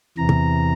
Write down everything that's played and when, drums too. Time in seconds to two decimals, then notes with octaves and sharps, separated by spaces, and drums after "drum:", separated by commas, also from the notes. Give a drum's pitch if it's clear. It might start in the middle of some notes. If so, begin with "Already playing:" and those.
0.18 E2 C3 E3 A#5
0.29 drum: tom